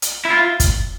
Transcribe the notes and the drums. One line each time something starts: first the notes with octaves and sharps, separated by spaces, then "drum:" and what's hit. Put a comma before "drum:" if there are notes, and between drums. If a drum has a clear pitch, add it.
drum: hi-hat
E4
F4
drum: kick, hi-hat